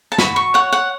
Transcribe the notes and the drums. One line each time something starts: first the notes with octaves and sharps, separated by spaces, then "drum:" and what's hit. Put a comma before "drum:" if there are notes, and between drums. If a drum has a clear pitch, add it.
A5
F#4 B5, drum: snare
C#6
C#5 F#5
F#5